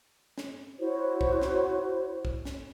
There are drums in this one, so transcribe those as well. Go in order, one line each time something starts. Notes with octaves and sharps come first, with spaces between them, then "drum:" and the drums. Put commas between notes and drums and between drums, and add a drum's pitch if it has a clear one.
drum: snare
E4 F#4 C5 C#5
drum: kick
drum: snare
drum: kick
drum: snare